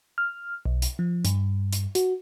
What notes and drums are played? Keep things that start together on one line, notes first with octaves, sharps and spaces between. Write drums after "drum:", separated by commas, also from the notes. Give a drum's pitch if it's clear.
F6
B1
drum: hi-hat
F3
G2, drum: hi-hat
drum: hi-hat
F#4, drum: hi-hat